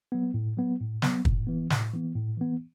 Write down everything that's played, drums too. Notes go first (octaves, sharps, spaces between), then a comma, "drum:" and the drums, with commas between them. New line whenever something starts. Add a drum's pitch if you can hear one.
F#3 B3
A2
F#3 B3
A2
F#3 B3, drum: snare
A2, drum: kick
E3 B3
A2, drum: snare
E3 B3
A2
E3 B3